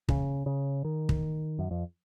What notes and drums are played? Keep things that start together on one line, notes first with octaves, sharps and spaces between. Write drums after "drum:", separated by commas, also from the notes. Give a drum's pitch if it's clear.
C#3, drum: kick
C#3
D#3
drum: kick
F#2
F2